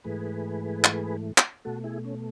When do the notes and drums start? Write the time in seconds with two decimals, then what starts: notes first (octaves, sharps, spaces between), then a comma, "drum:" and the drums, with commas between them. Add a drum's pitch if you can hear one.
0.04 G#2 E3 A3 G#4 B4
0.84 drum: clap
1.38 drum: clap
1.65 B2 A3 F#4 A4
1.84 E4 G#4
2.05 C#4